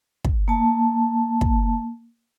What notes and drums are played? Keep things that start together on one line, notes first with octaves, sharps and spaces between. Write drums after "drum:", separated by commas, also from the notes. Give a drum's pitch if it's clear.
drum: kick
A#3 A5
drum: kick